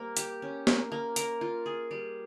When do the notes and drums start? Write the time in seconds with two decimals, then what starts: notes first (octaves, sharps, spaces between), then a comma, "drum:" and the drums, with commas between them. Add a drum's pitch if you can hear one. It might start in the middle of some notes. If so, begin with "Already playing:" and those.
Already playing: G3 A#3 C4 A#4
0.17 G4, drum: hi-hat
0.42 C#4
0.67 A#3, drum: snare
0.92 A#3
1.16 A#4, drum: hi-hat
1.41 F4
1.66 G#4
1.91 G3